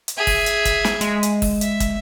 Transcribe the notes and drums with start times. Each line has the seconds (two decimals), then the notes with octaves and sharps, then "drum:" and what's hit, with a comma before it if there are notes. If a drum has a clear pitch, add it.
0.08 drum: hi-hat
0.17 G#4 E5
0.27 drum: kick, open hi-hat
0.46 drum: hi-hat
0.65 drum: kick, hi-hat
0.84 drum: snare
1.01 G#3, drum: hi-hat
1.23 drum: hi-hat
1.42 drum: kick, open hi-hat
1.61 E5, drum: hi-hat
1.80 drum: kick, hi-hat